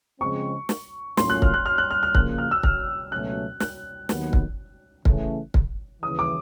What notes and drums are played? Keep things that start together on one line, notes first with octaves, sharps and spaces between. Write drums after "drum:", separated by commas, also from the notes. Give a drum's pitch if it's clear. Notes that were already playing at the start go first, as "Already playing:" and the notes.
C#3 F3 G#3 C4 C#6
drum: snare
A2 F#3 A#3 C#4 F4 C6, drum: snare
F#6
F6, drum: kick
F#6
F6
F#6
F6
F6
C#3 F3 A#3 F#6, drum: kick
F6
E6
F6, drum: kick
C#2 B2 F#3 A3 C#4 F#6
F#6, drum: snare
D#2 D#3 F#3 B3, drum: snare
drum: kick
C#3 E3 A3 C#4, drum: kick
drum: kick
D#2 C#3 E3 D#6
D6